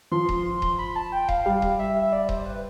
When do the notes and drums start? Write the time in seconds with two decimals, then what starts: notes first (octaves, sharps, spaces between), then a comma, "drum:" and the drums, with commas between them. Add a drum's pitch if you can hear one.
0.11 F3 C6
0.29 drum: kick D#1
0.62 drum: kick D#1
0.78 B5
0.96 A5
1.12 G5
1.29 F5, drum: kick D#1
1.45 G3 F5
1.62 drum: kick D#1
1.79 E5
2.02 E5
2.13 D5
2.29 C5, drum: kick D#1
2.46 B4